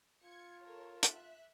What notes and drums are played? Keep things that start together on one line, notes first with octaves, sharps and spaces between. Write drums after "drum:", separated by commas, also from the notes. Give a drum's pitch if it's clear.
F4 G#6 C#7
A4 A#4 C#5
E5 F#6, drum: hi-hat